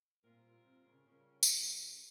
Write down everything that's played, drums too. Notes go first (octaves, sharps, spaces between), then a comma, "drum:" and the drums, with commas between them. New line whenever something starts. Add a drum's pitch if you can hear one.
A#2 G3 C4 F4 A#4
C3
C#3
C#3 G3 C#4 F4 A#4
drum: tambourine